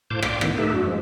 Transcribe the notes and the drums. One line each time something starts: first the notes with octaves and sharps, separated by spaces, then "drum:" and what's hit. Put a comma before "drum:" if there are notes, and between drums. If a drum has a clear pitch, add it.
A2 C5 F5 A5 D6 G6
D5 F5 G5 C6 D6, drum: rim click
A2 D#3 B3, drum: rim click
A3 D#4 G4 A4 B4 E5
F#2 D4 F#4
F3 G#3